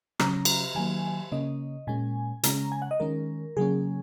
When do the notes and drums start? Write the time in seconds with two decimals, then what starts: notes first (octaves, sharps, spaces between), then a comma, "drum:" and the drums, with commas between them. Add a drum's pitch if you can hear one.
0.20 C#3 F#3 C#4 A#5, drum: rim click
0.45 drum: cymbal
0.75 D#3 F#3 A#3 G#5
1.32 C#3 A#3 C#4 D#5
1.87 A#2 G#3 C#4 G#5
2.43 C#3 G#3 C#4 A#5, drum: hi-hat
2.72 G#5
2.82 F#5
2.91 D#5
3.00 D#3 G#3 C#4 A#4
3.57 C#3 F#3 A#3 C#4 G#4